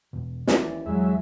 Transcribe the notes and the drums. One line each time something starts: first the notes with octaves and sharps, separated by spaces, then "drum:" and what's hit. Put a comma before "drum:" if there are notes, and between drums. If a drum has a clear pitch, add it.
E2 B2
D#2 E3 C#4 E4 D5, drum: snare
E2 F#3 G#3 E5